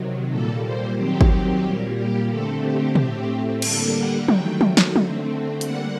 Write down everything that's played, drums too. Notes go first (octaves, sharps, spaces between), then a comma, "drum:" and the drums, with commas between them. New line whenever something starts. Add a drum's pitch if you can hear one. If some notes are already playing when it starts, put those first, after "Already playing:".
Already playing: C3 D#3 F#3
A#2 G3 A#3 A4
C5
D#3 F#3 C4 G4
drum: kick
A#2 G3 A#3
G4
D3 A3 C4 A4
G4
A2 A3 C4, drum: tom
D3 G3 A#3 A4, drum: cymbal
F#5
D#3 F#3 A3 G5, drum: tom
drum: tom
drum: snare
D3 A3 C4, drum: tom
D3 G3 A#3 F#5, drum: hi-hat